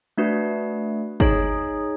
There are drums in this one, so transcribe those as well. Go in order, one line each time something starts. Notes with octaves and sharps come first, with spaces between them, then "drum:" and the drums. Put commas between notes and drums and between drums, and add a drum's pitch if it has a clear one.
A3 D4 F#4 B4
D#4 G#4 C#5, drum: kick